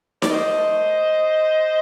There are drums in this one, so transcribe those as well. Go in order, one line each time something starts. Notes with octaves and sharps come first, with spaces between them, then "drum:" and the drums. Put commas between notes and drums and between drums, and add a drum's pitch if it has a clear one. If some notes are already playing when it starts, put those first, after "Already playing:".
D5, drum: snare D#4
D#3 C5 D#5
A3